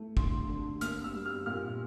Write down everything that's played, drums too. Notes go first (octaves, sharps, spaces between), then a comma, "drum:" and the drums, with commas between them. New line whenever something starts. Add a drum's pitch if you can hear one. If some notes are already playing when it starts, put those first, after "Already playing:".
Already playing: A3 E4
D3 C6, drum: kick
D3
A#3 F6, drum: hi-hat
E6
G3
F6
A#2 F6